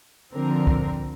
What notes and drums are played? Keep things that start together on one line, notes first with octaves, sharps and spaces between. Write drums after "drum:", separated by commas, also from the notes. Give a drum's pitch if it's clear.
D3 F3 C4 A#4
drum: kick